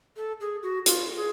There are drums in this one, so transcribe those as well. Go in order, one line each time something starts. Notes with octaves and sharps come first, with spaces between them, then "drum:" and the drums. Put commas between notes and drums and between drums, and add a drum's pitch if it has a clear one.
A4
G#4
F#4
F4, drum: hi-hat
G#4